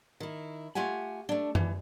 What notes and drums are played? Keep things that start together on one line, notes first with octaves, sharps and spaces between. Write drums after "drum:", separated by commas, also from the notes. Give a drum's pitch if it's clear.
D#3 E4
A3 F4 G4 F#5 G#5
A3 D4
E3, drum: tom F#2